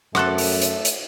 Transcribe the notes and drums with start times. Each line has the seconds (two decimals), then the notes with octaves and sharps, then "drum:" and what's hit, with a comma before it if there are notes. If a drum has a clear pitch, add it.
0.15 F#2 A3 F#4 A4 C6 F#6, drum: rim click
0.38 drum: open hi-hat
0.62 drum: hi-hat
0.85 drum: hi-hat